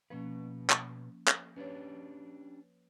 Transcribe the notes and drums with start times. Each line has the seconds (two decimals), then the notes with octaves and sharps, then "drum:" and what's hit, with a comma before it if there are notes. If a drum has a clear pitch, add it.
0.10 B2 F3 A#3 C#4 B4
0.70 drum: clap
1.28 drum: clap
1.56 C#4 D4 G4 B4 C#5